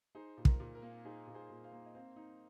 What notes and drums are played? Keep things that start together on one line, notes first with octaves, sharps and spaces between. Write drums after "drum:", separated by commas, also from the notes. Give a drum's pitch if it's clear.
D#4 G#4 C5
A#2
A#4, drum: kick
A#2
A#4
A#3
D#4 G#4 C5
A#2
G#4 C5
A#2
C5 F5
A#3
D#5
C4 C5 F5
D#4